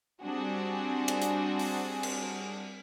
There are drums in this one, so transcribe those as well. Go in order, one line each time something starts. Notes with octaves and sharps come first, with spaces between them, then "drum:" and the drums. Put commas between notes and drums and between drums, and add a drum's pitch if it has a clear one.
G3 C4 D4 F#4 G#4
drum: cymbal
drum: hi-hat
drum: open hi-hat
drum: cymbal